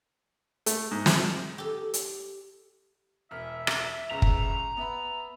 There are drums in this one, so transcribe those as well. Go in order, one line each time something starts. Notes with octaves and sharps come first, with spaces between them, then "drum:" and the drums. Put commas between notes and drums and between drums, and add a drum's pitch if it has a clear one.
A3, drum: hi-hat
G#2
drum: snare
G4 A4
drum: hi-hat
E1 E5 F6
drum: rim click
G1 C#2 C#3 A#5
drum: kick
B3 E5 B5